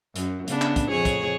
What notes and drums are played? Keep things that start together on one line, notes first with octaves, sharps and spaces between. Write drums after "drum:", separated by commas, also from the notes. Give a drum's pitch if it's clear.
F#2, drum: hi-hat
C#3 B3 D4, drum: hi-hat
drum: clap
drum: kick, hi-hat
F2 G#4 C#5
drum: kick, hi-hat